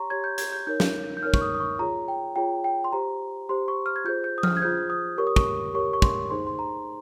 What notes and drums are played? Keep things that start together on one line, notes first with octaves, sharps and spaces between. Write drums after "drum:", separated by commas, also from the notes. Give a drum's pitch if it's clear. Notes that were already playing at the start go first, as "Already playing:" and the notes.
Already playing: G4 C#5 A#5 C6 C#6
G4 C#5 G#6
G6
G#6, drum: hi-hat
G6
D#4 A#4 C#5 G6
drum: snare
G6
D#4 A#4 C#5 F6
C#6, drum: kick
D#6
D#6
C#6
F4 G#4 C#5 A#5
G5
F4 G#4 C#5 G5
G5
C6
G4 C5 A#5
G4 C5 C6
C#6
F6
G#6
F4 G#4 C5 G6
G6
D#6
F6, drum: tom F3
G#6
F4 G#4 C5 G6
D#6
G4 A#4 C#5 C#6
D#6
C#6, drum: kick
G4 A#4 C#5 C#6
C#6
C6, drum: kick
D#4 G#4 C5 C6
C6
A#5